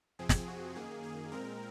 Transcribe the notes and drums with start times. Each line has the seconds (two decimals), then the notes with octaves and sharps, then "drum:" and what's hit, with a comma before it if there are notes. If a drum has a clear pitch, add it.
0.19 F2 C3 F3 C4 G#4
0.29 drum: snare
0.48 F#4
0.76 F#2 D#3 A#3 G#4
1.04 G#4
1.32 A#2 G#3 C4 A#4